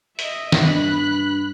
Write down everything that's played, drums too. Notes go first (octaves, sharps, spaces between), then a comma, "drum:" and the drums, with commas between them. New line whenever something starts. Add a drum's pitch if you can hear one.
D#5 E5, drum: hi-hat
drum: snare
G2 B5 F#6